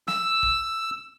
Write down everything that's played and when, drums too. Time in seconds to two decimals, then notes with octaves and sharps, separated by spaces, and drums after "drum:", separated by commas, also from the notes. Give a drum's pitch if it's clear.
0.08 E6, drum: snare
0.43 drum: kick